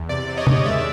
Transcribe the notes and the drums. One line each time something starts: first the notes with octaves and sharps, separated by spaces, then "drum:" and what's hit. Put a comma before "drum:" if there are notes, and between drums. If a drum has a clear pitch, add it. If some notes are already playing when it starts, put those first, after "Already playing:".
Already playing: E2
C3 D5
C3
C#5 D#5
D#3, drum: tom
G#3 D5 E5